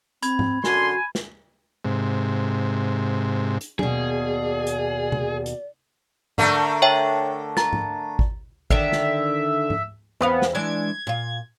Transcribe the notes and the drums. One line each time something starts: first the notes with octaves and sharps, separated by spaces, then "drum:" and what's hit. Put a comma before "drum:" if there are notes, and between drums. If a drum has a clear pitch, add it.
C4 B5 G#6, drum: hi-hat
drum: tom G#2
F#2 D3 F#4 G#5 C6, drum: snare
drum: snare
G#2 C3
drum: hi-hat
D#2 B2 G#4 D5, drum: tom
drum: hi-hat
drum: tom C3
drum: hi-hat
D3 A3 A#4, drum: tom G#2
C#5 E5 G5
A#5 A6, drum: snare
drum: tom G#2
drum: kick G#1
D3 D#3 D4 E5, drum: kick G#1
drum: snare
drum: tom G#2
E2 B3 C4 F5
drum: snare
E3 G#3 D4 G#6
A#2 F4